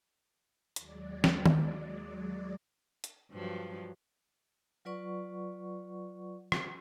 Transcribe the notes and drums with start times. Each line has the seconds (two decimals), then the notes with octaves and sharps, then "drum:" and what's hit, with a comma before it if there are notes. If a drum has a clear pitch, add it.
0.76 D#2 F#3 G#3 D5, drum: hi-hat
1.24 drum: snare
1.46 drum: tom D#3
3.04 drum: hi-hat
3.32 G2 F3 F#3
4.85 F#3 F4 B4 D5 F#5 C#6
6.52 drum: rim click